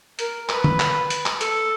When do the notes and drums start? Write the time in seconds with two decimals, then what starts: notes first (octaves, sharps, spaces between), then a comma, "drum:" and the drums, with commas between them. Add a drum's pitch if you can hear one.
0.19 A#4, drum: hi-hat
0.49 B4, drum: clap
0.64 drum: tom
0.80 drum: clap
1.10 drum: hi-hat
1.26 drum: clap
1.41 A4, drum: hi-hat